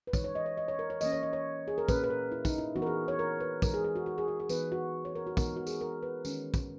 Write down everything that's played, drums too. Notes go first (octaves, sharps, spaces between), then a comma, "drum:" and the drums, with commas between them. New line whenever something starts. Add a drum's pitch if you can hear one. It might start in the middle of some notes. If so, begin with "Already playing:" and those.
B4
E3 G#3 D#4 C#5, drum: kick, tambourine
C#5
D#5
C#5
D#5
C#5
A#4
C#5
E3 A#3 C#4 D#5, drum: tambourine
C#5
D#5
C#5
G#4
A#4
A#2 A#3 C#4 B4, drum: kick, tambourine
B4
A#4
E4
D#4, drum: kick, tambourine
E4
E3 B3 D#4 F#4
A#4
G#4
C#5
A#4
B4
E3 G#3 D#4 A#4, drum: kick, tambourine
G#4
G#4
F#4
F#4
G#4
F#4
G#4
E3 B3 D#4 B4, drum: tambourine
F#4
C#5
A#4
F#4
E3 G#3 B3 D#4 A#4, drum: kick, tambourine
F#4
G#4, drum: tambourine
A#4
B4
D#3 G#3 C#4, drum: tambourine
drum: kick, tambourine